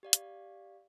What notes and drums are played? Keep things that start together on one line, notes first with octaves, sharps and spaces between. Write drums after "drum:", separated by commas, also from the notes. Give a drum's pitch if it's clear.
G4 D5 F5
drum: hi-hat